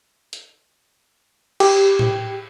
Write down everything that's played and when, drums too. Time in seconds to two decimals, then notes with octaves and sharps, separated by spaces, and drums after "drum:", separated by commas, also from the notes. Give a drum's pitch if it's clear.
0.33 drum: hi-hat
1.60 G4, drum: cymbal
1.99 drum: tom A2